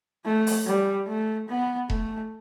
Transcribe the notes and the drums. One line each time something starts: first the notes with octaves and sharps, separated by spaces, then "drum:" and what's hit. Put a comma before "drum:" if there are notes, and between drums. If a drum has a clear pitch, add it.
A3
drum: open hi-hat
G3
A3
B3
A3, drum: kick E1